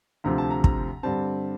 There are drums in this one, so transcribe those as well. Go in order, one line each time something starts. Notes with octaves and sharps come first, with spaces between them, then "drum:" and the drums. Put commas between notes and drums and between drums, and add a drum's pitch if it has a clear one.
D2 C3 F3 C4 A#5
A5
A#5
A#5, drum: kick
G2 D3 G3 C4 A5